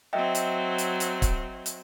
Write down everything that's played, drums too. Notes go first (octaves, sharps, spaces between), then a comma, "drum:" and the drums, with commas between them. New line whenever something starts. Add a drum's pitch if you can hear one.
F#3 C4 D#5 E5 G5
drum: hi-hat
drum: hi-hat
drum: hi-hat
drum: kick, hi-hat
drum: hi-hat